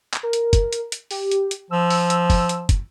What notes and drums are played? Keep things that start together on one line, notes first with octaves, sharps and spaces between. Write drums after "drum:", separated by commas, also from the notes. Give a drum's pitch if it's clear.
drum: clap
A#4
drum: hi-hat
drum: kick, hi-hat
drum: hi-hat
drum: hi-hat
G4, drum: open hi-hat
drum: hi-hat
drum: hi-hat
F3 E6
drum: open hi-hat
drum: hi-hat
drum: kick, open hi-hat
drum: hi-hat
drum: kick, hi-hat